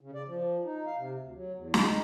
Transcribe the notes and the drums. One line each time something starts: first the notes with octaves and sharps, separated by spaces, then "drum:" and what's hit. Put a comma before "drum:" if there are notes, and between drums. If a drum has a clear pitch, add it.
C#3
D5
F3
D#4
F5
C3
D2
F#3
E2
D#4, drum: snare